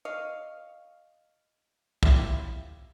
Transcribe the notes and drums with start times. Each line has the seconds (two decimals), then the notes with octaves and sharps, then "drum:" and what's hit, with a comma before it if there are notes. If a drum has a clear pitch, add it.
0.05 C#5 D#5 F5
2.03 E4 F4 G4, drum: kick